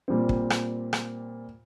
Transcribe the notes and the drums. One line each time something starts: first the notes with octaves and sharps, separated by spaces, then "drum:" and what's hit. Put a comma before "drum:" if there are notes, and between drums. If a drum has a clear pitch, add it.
A#2 G3 C4
drum: kick
drum: rim click
drum: rim click